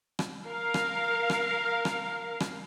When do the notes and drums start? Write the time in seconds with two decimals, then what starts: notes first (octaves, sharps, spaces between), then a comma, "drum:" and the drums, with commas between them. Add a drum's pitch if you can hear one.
0.19 drum: rim click
0.46 A#4 F5
0.74 drum: rim click
1.30 drum: rim click
1.85 drum: rim click
2.40 drum: rim click